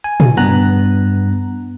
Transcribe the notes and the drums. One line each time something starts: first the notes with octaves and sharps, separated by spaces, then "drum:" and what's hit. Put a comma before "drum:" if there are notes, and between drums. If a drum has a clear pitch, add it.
G#5
drum: tom
G2 B3 A#5 F#6